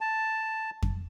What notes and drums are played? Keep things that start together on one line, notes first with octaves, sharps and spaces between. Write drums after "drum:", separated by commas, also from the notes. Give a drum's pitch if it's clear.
A5
drum: kick F2